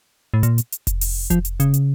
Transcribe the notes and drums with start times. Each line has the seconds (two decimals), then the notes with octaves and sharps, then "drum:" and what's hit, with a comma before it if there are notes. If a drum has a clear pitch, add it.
0.34 A2
0.43 A#2, drum: hi-hat
0.58 drum: hi-hat
0.72 drum: hi-hat
0.87 drum: kick F1, hi-hat
1.01 drum: open hi-hat
1.30 F3, drum: kick F1, hi-hat
1.45 drum: hi-hat
1.60 C#3, drum: hi-hat
1.74 drum: hi-hat